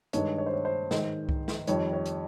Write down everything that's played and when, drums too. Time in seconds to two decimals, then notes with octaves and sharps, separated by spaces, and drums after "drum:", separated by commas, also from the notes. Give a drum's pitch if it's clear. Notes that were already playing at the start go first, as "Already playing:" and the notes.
0.13 G2 D#3 G#3 C#5, drum: hi-hat
0.38 C#5
0.46 C5
0.54 C#5
0.65 C5
0.91 G#2 D#3 G#3, drum: snare
1.29 drum: kick C2
1.48 drum: snare
1.67 F2 D#3 G3 C#5, drum: hi-hat
1.93 C#5
2.06 drum: hi-hat